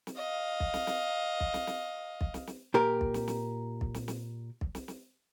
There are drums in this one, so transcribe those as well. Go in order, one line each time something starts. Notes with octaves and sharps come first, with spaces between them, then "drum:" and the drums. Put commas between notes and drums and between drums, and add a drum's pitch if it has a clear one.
drum: snare
D#5 F5
drum: kick
drum: snare
drum: snare
drum: kick
drum: snare
drum: snare
drum: kick
drum: snare
drum: snare
A#2 G4 A#4
drum: kick
drum: snare
drum: snare
drum: kick
drum: snare
drum: snare
drum: kick
drum: snare
drum: snare